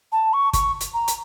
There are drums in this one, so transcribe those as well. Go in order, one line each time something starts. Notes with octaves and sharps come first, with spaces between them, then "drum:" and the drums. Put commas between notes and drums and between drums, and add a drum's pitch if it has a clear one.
A5
C#6
C#6, drum: kick, hi-hat
drum: hi-hat
A#5
drum: hi-hat